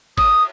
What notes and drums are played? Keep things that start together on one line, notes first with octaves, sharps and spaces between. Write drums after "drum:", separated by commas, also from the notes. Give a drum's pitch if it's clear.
D#6, drum: kick G#1, cymbal